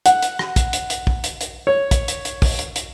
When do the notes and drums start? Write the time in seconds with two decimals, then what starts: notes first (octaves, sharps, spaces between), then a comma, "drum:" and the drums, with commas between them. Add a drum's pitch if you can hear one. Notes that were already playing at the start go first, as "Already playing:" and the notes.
0.06 F#5, drum: hi-hat
0.22 drum: hi-hat
0.39 drum: rim click
0.56 drum: kick, hi-hat
0.73 drum: hi-hat
0.90 drum: hi-hat
1.07 drum: kick
1.24 drum: hi-hat
1.41 drum: hi-hat
1.67 C#5
1.91 drum: kick, hi-hat
2.08 drum: hi-hat
2.25 drum: hi-hat
2.42 drum: kick, open hi-hat
2.59 drum: hi-hat
2.76 drum: hi-hat